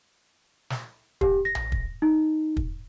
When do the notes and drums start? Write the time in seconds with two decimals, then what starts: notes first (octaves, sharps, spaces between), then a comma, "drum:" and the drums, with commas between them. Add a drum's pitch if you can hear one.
0.70 drum: snare
1.21 G4, drum: kick
1.45 A#6
1.55 drum: tom A#1
1.72 drum: kick
2.02 D#4
2.57 drum: kick